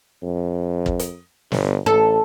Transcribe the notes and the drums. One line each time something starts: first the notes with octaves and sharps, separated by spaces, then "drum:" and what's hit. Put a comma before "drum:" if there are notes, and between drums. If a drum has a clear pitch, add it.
F2
drum: kick
drum: hi-hat
G1, drum: snare
A1 A4